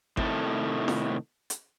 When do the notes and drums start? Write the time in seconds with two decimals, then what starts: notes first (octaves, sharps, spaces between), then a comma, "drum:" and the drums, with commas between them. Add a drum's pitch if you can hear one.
0.17 A2 C3 D#3 A4, drum: kick G#1
0.88 drum: snare
1.50 drum: hi-hat